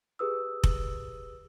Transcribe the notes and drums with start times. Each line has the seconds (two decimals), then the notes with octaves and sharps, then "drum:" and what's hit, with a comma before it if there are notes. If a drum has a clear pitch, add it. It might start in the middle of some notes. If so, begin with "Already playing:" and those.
0.19 G4 G#4 B4 D#6 E6
0.64 drum: kick F1